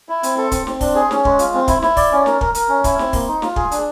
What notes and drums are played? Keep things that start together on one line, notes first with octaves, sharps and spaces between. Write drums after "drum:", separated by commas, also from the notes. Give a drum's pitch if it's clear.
E4
C4, drum: hi-hat
A4
C4, drum: kick, hi-hat
C4, drum: snare
D4, drum: kick, open hi-hat
G#4
C#4, drum: snare
G#3, drum: kick
F4, drum: hi-hat
C4
E4, drum: kick, hi-hat
E4, drum: snare
D5, drum: kick, open hi-hat
C#4
A#4, drum: snare
A#4, drum: kick
A#4, drum: hi-hat
C#4
E4, drum: kick, hi-hat
C4, drum: snare
A#3, drum: kick, open hi-hat
D#4
F4, drum: snare
G#4, drum: kick
D4, drum: hi-hat